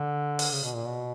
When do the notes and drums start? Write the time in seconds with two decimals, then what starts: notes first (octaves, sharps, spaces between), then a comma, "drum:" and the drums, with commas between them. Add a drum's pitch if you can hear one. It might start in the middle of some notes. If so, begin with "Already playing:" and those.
Already playing: D3
0.39 drum: open hi-hat
0.52 C#3
0.64 B2
0.74 A#2
0.85 B2